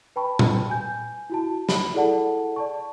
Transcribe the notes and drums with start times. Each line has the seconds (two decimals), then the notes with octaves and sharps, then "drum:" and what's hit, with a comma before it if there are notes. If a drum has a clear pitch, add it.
0.16 B4 G5 A5 B5 C#6
0.39 drum: tom A#2
0.70 G#5 G6
1.30 E4 F#4 A5
1.69 B5, drum: snare
1.94 E4 G#4 A4 D5 F#5 A5
2.56 D5 A5 C#6